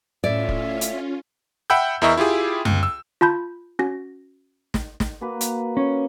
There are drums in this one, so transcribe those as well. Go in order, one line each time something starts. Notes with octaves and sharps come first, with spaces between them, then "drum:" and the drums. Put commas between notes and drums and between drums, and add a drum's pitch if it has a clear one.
A2 C#4 F4 D5 E5
drum: kick
drum: hi-hat
E5 F#5 G5 B5 E6 G6
E2 E4 A#4 D#5 E5 C#6
E4 F4 G4 G#4
C#2, drum: tom F#2
E6
F4 A5 B5 G6
C#4 F#4 A#6
drum: snare
drum: snare
A#3 F#4 B4
drum: hi-hat
C#4